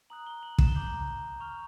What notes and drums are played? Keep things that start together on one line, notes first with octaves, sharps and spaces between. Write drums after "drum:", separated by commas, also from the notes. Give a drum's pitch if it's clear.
A#5 D#6 F#6 F#7
G7
F#7
E7, drum: kick
G7
A#5 D6 G6 F#7
C#6 F6 F7